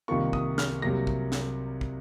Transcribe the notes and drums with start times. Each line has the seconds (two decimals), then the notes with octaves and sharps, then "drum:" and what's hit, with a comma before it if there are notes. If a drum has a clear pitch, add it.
0.08 C2 C3 D#3 A#3 F4 C#6
0.33 D#6, drum: kick
0.58 F6, drum: snare
0.82 C2 C3 F#3 A#3 A#6
1.07 drum: kick
1.32 drum: snare
1.81 drum: kick